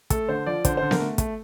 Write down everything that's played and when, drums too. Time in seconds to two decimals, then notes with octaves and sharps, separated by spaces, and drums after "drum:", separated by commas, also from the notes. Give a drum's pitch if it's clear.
0.10 A3 A4, drum: kick, hi-hat
0.28 D3 C5
0.46 F3 D5
0.65 D3 C5, drum: kick, hi-hat
0.77 D3 C5
0.91 A#4, drum: snare B3
1.00 A3
1.18 A3, drum: kick, hi-hat